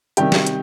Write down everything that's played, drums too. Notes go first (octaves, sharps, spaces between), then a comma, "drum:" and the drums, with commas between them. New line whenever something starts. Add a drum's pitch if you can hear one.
C3 D#3 G3 G4 G5, drum: hi-hat
drum: snare
drum: hi-hat